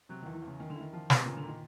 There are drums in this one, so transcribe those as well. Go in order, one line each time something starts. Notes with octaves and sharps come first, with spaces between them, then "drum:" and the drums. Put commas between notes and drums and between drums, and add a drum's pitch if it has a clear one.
C3 F#3
E2 D#3
E3
E2 C#3
D#3 C#4
D3
D#3 E4
F3
B3, drum: snare
C3
A#2 C#3
D3
A#2 D#3